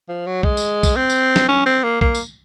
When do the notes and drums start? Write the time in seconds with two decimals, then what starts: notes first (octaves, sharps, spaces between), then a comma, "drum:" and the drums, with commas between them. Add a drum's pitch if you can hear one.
0.09 F3
0.27 F#3
0.43 G#3, drum: kick B1
0.57 drum: tambourine
0.83 drum: kick B1, tambourine
0.96 C4
1.10 drum: tambourine
1.36 drum: snare
1.49 C#4
1.66 C4
1.84 A#3
2.01 A#3, drum: kick B1
2.15 drum: tambourine